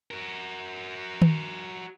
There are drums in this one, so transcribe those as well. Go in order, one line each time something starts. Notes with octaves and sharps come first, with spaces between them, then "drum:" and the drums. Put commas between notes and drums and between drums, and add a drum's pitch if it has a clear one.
F#4 A#4
drum: tom D#3